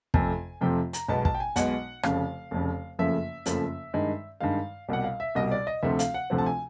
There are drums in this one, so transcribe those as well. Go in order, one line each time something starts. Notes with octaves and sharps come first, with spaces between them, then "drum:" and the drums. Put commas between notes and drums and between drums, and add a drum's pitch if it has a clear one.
F2 C3 F3 A3 G#5, drum: kick
F2 C3 F3 A3 G5
A#5, drum: hi-hat
B1 B2 G#3 B3 A5
A5, drum: kick
G5
G#5
B1 B2 G#3 B3 F#5, drum: hi-hat
F1 F2 C#3 F5, drum: rim click
F1 F2 C#3
F#1 F2 C#3 F3 A3 E5
F#1 F2 C#3 F3 A3, drum: hi-hat
G2 D#3 G#3
G2 D#3 G#3 F5
C2 B2 G3 F#5
F5
E5
C2 B2 G3 D#5
D5
D#5
D2 C3 F3 A3 C4 E5
F5, drum: hi-hat
F#5
D2 C3 F3 A3 C4 F#5
A5
G#5